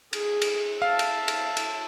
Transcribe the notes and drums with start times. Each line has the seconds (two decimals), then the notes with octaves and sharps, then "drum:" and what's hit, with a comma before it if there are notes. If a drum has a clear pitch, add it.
0.13 G#4, drum: cymbal
0.42 drum: cymbal
0.82 E5 F5 A5
0.99 drum: cymbal
1.28 drum: cymbal
1.57 drum: cymbal